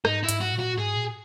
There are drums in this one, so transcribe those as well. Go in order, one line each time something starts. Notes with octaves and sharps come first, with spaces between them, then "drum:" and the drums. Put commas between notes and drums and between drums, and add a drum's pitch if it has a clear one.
G#2 D#4, drum: rim click
E4
G#2, drum: hi-hat
F#4
A#2
F#4
G#2 G#4
A#2